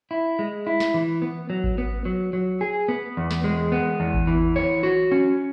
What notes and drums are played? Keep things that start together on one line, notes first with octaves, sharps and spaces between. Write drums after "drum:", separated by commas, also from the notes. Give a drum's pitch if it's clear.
E4
G#3
E4
drum: snare
E3
B3
F#3
drum: kick G#1
B3
F#3
F#3
G#4
B3
E2
drum: snare
G#3
B3
E2
drum: kick G#1
E3
C#5
F#4
C#4